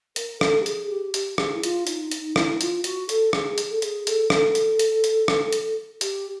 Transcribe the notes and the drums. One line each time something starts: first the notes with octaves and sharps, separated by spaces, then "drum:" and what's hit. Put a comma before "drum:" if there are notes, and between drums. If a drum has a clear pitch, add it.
A#4, drum: hi-hat
A4, drum: rim click
G4
G#4, drum: hi-hat
G4
G4, drum: hi-hat
G#4, drum: rim click
E4
F4, drum: hi-hat
D#4, drum: hi-hat
D#4, drum: hi-hat
E4, drum: rim click
F4, drum: hi-hat
F#4, drum: hi-hat
A4, drum: hi-hat
G#4, drum: rim click
drum: hi-hat
A4
G#4, drum: hi-hat
A4, drum: hi-hat
A4, drum: rim click
drum: hi-hat
drum: hi-hat
drum: hi-hat
drum: rim click
drum: hi-hat
G4, drum: hi-hat